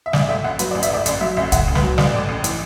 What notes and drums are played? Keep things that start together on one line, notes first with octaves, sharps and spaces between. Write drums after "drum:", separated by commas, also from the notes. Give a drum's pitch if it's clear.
E5
A1 D5, drum: snare
A2 E5
A1 F#5
F#3 B4, drum: hi-hat
D5
A1
E5, drum: hi-hat
A2 D5
A1, drum: hi-hat
F#3 E5
A1 E5
A2 F#5, drum: kick C#2, hi-hat
A1
B4, drum: snare
F#3
A1 D5, drum: snare
A2
A1
E3, drum: hi-hat